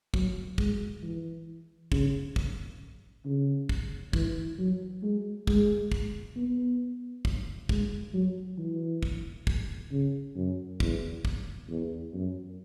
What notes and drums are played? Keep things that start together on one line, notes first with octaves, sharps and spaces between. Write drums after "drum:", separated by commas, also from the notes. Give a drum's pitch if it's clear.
F#3, drum: kick
G#3, drum: kick
E3
C#3, drum: kick
drum: kick
C#3
drum: kick
E3, drum: kick
F#3
G#3
G#3, drum: kick
drum: kick
B3
drum: kick
G#3, drum: kick
F#3
E3
drum: kick
drum: kick
C#3
F#2
E2, drum: kick
drum: kick
E2
F#2